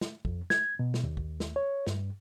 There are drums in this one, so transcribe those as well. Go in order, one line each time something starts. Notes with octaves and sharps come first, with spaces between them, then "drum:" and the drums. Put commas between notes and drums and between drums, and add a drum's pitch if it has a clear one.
drum: snare
F2, drum: kick
G#6, drum: snare
B2
drum: snare
D#2
drum: kick
drum: snare
C#5
G2, drum: snare